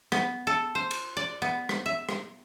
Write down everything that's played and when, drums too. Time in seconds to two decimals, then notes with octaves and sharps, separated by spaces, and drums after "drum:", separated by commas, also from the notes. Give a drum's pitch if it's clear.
0.12 B3, drum: rim click
0.47 A4
0.75 C5
0.91 drum: cymbal
1.17 D5
1.42 B3
1.69 drum: rim click
1.86 E5
2.09 drum: rim click